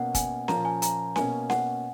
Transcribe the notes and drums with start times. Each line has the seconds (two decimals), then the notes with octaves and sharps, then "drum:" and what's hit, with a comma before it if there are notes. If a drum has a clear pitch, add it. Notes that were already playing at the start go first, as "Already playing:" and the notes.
Already playing: B2 A#3 C#4 F#5
0.15 G#5, drum: kick, hi-hat
0.48 A#2 F3 A#3 C#4 A#5, drum: snare C#4
0.65 G#5
0.82 A#5, drum: hi-hat
1.16 B2 A#3 C#4 G#5, drum: snare C#4
1.50 F#5, drum: snare C#4